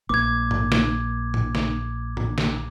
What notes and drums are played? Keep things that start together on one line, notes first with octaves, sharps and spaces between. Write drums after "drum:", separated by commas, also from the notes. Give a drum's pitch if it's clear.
A#1 A3 A#3 D6 G#6
drum: tom G#2
drum: snare
drum: tom
drum: snare
drum: tom
drum: snare